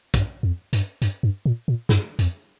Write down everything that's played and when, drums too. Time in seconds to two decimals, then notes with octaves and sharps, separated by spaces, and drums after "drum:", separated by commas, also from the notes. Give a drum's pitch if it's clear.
0.14 G2, drum: kick, hi-hat
0.43 F2
0.73 G2, drum: hi-hat
1.02 G2, drum: hi-hat
1.23 G2
1.46 A#2
1.68 A#2
1.89 G2, drum: snare
2.19 F2, drum: hi-hat